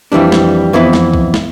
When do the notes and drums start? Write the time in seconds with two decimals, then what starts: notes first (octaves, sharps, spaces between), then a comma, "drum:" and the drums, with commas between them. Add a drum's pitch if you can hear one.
0.12 F2 E3 G3 D4
0.32 drum: snare
0.73 F2 E3 B3 E4
0.93 drum: snare
1.14 drum: kick
1.34 drum: snare